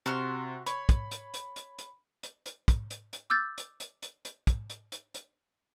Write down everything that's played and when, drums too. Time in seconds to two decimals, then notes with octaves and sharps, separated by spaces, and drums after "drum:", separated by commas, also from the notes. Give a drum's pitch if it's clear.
0.06 C3 F#4 C6 F6
0.66 C#5 B5, drum: hi-hat
0.89 drum: kick, hi-hat
1.11 drum: hi-hat
1.34 drum: hi-hat
1.56 drum: hi-hat
1.78 drum: hi-hat
2.23 drum: hi-hat
2.46 drum: hi-hat
2.68 drum: kick, hi-hat
2.90 drum: hi-hat
3.13 drum: hi-hat
3.30 D6 E6 F6 G6 A6
3.58 drum: hi-hat
3.80 drum: hi-hat
4.02 drum: hi-hat
4.25 drum: hi-hat
4.47 drum: kick, hi-hat
4.70 drum: hi-hat
4.92 drum: hi-hat
5.14 drum: hi-hat